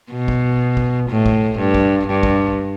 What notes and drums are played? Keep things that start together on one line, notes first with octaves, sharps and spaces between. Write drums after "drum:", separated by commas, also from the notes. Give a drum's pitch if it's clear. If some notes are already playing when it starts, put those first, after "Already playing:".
B2
drum: kick
drum: kick
A2
drum: kick
G2
drum: kick
G2
drum: kick